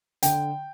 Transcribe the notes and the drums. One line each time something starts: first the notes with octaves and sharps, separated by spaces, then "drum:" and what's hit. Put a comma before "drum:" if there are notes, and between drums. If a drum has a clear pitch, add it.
D3 G5, drum: hi-hat